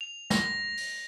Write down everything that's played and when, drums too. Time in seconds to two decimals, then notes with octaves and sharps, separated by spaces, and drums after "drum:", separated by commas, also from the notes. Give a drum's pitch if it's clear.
0.01 F7
0.30 A#6, drum: snare
0.77 drum: open hi-hat